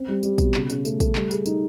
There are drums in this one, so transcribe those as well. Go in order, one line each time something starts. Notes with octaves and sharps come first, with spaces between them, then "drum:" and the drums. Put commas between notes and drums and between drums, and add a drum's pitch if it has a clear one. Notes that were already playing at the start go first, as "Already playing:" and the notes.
Already playing: C4
G3
G3, drum: tambourine
B2, drum: kick, tambourine
C#3, drum: clap
C#3, drum: tambourine
A3, drum: tambourine
A3, drum: kick, tambourine
G3, drum: clap
G#4, drum: tambourine
D#4, drum: tambourine